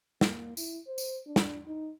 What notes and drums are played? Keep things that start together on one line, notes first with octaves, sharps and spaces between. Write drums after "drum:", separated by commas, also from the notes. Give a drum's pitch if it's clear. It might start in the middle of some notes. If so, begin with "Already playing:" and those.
A#3, drum: snare
E4, drum: tambourine
C5
drum: tambourine
D4
drum: snare
D#4